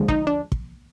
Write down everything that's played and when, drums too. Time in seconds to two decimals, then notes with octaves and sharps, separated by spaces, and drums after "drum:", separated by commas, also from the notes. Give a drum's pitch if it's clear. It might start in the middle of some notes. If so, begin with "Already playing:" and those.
Already playing: D#2 D3 F3 G#3
0.08 D#4, drum: kick
0.27 D4
0.52 drum: kick